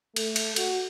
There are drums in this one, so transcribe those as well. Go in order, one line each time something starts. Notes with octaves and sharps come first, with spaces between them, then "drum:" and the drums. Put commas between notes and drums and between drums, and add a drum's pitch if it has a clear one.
A3, drum: cymbal
drum: cymbal
F#4, drum: cymbal